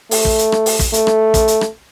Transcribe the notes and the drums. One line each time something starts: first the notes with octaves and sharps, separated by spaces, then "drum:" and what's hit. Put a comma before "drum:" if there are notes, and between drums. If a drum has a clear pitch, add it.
A3, drum: open hi-hat
drum: kick
drum: hi-hat
drum: rim click
drum: open hi-hat
drum: kick, hi-hat
A3, drum: hi-hat
drum: rim click
drum: kick, hi-hat
drum: hi-hat
drum: rim click